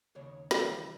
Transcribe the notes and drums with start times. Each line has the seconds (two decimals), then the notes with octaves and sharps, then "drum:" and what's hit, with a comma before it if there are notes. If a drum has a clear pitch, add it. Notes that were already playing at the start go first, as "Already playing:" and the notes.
0.15 D#2 C#3 C#5
0.51 D#2 C#3 E3 G3 C4, drum: snare